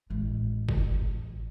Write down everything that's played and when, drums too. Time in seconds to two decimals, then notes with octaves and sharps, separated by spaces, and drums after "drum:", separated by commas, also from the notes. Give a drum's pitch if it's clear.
0.10 A1 G#3
0.69 drum: kick F#1